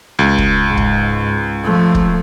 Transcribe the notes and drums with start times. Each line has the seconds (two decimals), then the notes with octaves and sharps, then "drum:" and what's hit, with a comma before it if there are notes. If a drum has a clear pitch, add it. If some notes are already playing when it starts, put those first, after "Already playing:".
0.19 C#2
0.38 drum: kick
0.68 G#2
0.77 drum: kick
1.64 F3 A3
1.95 drum: kick